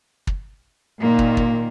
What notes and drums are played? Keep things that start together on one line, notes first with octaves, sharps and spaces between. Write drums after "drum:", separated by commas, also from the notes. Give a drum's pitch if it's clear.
drum: kick
A#2 D#3 A#3
drum: kick
drum: kick